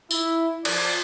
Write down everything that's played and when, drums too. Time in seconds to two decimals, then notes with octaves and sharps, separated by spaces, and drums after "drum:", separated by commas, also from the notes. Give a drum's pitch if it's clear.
0.11 E4, drum: tambourine
0.65 F3 D5, drum: cymbal